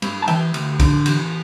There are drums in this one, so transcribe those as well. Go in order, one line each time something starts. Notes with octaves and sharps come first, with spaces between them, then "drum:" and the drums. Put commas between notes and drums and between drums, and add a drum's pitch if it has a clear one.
G2, drum: cymbal
A5
E3 E5 G5, drum: cymbal
D2, drum: cymbal
D3, drum: kick, cymbal
E2, drum: cymbal